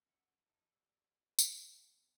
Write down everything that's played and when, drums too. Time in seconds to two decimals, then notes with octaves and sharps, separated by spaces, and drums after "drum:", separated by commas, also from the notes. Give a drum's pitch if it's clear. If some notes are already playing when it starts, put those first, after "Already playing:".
0.06 C#4 E5 F#5 E6
0.38 D#4 E4 A5
0.72 G4 D5 E6
1.39 G4 A#4 D5 D#5 F5, drum: tambourine
1.60 A4 B4 F#5 G#5
1.90 B3 C4